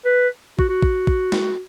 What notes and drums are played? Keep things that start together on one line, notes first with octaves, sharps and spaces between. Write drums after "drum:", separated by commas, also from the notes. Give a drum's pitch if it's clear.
B4
F#4, drum: kick
F#4
drum: kick
drum: kick
drum: snare